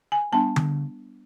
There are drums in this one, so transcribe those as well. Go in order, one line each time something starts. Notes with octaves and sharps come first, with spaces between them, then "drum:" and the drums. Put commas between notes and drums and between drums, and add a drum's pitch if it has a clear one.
G#5
G3 B3 D4 A5
drum: tom D3